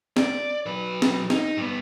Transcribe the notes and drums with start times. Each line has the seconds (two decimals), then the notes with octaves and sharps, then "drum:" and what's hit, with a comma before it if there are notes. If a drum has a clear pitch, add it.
0.17 D5, drum: snare
0.66 F#3 B4
1.02 drum: snare
1.30 D#4, drum: snare
1.57 G2 B3